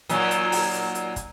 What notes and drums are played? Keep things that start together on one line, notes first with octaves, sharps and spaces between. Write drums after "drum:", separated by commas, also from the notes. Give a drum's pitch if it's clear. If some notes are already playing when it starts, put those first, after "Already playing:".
A#2 D#3 F#3, drum: hi-hat
drum: hi-hat
drum: open hi-hat
drum: hi-hat
drum: hi-hat
drum: kick, hi-hat